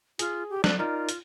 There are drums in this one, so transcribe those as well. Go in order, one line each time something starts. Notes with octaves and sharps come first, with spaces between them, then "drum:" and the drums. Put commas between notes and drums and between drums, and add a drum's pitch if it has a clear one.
F4 G#4, drum: hi-hat
G4
A4 D5 F#6, drum: snare
D#4 F4 A#4 D5
drum: hi-hat